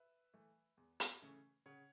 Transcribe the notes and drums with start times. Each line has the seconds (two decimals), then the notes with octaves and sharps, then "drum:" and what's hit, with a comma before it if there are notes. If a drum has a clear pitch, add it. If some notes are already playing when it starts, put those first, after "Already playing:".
Already playing: B4 E5
0.34 E3 A3
0.77 E2
1.00 drum: hi-hat
1.22 C#3 E3 A3 C#4
1.66 C#3 C#5 F#5